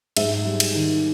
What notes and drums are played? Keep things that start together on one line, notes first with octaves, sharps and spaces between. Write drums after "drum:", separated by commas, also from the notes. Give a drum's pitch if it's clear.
G#2 E5, drum: cymbal
G3
drum: cymbal
D#3